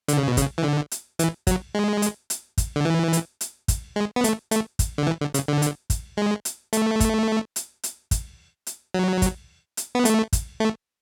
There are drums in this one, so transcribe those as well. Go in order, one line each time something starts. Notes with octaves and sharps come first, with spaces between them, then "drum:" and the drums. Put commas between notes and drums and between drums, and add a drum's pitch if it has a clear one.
D3, drum: hi-hat
C#3
B2
C#3, drum: kick, hi-hat
E3
D3
drum: hi-hat
E3, drum: hi-hat
F#3, drum: kick, hi-hat
G#3
drum: hi-hat
drum: hi-hat
drum: kick, hi-hat
D3
E3
drum: hi-hat
drum: hi-hat
drum: kick, hi-hat
G#3
B3
A3, drum: hi-hat
A3, drum: hi-hat
drum: kick, hi-hat
D3
E3
D3
C#3, drum: hi-hat
D3
drum: hi-hat
drum: kick, hi-hat
G#3
drum: hi-hat
A3, drum: hi-hat
drum: kick, hi-hat
drum: hi-hat
drum: hi-hat
drum: kick, hi-hat
drum: hi-hat
F#3
drum: kick, hi-hat
drum: hi-hat
B3
A3, drum: hi-hat
drum: kick, hi-hat
A3